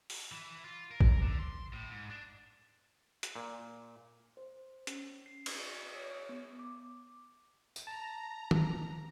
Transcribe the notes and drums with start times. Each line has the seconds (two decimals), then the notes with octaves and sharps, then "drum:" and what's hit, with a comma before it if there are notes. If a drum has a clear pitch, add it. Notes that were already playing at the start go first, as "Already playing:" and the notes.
0.10 drum: open hi-hat
0.32 E3
0.64 F4
0.91 A#4
1.01 drum: kick
1.22 D3
1.39 C6
1.73 A2
1.90 G#2
2.10 D4
3.23 drum: hi-hat
3.36 A#2
4.37 C5
4.87 C#4, drum: hi-hat
5.26 C7
5.46 drum: cymbal
5.95 C#5
6.29 B3
6.59 D6
7.76 drum: tambourine
7.87 A5 A#5
8.51 drum: tom D#3